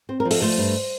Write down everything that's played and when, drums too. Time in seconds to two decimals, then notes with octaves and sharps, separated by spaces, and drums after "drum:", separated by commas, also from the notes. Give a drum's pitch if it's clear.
0.09 C4 C5
0.20 A#4
0.25 F3
0.31 A4, drum: open hi-hat
0.42 A3 C5
0.58 G2